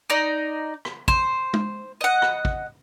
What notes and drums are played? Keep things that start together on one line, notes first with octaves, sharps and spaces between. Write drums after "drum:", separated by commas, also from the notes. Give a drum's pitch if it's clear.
D#4 D5
drum: rim click
C5, drum: kick
drum: tom
D#5 F#5
drum: rim click
drum: kick